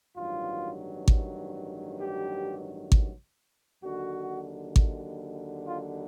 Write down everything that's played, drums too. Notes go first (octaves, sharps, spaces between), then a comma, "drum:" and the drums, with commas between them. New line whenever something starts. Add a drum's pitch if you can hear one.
A1 G2 D#3 F#3 F4
drum: kick G#1
G4
drum: kick G#1
D#2 D3 F#3 F#4
drum: kick G#1
F4